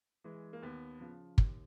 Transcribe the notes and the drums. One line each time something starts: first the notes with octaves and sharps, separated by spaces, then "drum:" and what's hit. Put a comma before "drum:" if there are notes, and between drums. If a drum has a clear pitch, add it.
E3 G#3
A#3
D#2 B3
C#3 F3
D#2, drum: kick